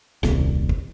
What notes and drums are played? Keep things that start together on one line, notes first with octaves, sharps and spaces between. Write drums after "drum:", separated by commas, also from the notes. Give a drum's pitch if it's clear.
D#1 C2, drum: snare
drum: kick